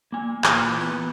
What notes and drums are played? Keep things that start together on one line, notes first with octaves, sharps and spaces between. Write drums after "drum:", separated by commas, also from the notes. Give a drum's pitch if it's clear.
A#3 G#5
A#2 E3, drum: clap
B3